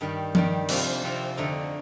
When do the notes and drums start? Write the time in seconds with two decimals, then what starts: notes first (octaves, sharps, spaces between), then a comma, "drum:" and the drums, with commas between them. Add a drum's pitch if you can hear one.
0.01 G2 D#3 G3
0.35 G2 D#3 G3, drum: tom F3
0.69 C3 F3 C4 F4, drum: cymbal
1.04 C3 F3 C4 F4
1.37 F2 D3 A3 D#4